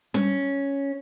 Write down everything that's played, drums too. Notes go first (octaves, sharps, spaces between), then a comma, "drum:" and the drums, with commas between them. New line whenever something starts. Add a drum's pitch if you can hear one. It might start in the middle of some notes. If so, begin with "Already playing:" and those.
C#4, drum: tom G3